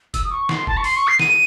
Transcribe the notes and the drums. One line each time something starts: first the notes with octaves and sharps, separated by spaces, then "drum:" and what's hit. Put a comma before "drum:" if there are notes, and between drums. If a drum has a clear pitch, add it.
E6, drum: kick, hi-hat
D#6
C#6
C6, drum: snare
A5, drum: kick
C#6
C6, drum: open hi-hat
C#6
C7
D#7, drum: snare